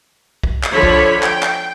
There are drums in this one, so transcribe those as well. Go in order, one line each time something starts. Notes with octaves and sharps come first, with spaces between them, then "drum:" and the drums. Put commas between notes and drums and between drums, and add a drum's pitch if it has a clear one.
drum: kick
drum: clap
D3 F3 C#5 B5
drum: kick
G5, drum: clap
drum: clap